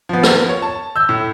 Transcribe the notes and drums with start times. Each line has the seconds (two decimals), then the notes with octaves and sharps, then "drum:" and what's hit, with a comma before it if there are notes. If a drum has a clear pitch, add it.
0.09 F3 B3
0.23 drum: rim click
0.49 C#5
0.62 A5
0.96 E6 G6
1.09 A2